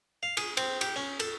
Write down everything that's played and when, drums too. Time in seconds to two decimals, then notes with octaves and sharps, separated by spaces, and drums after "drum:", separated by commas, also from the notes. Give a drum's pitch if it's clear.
0.23 F5
0.37 G#4, drum: cymbal
0.57 C4, drum: cymbal
0.81 G4, drum: cymbal
0.96 C#4
1.20 A4, drum: cymbal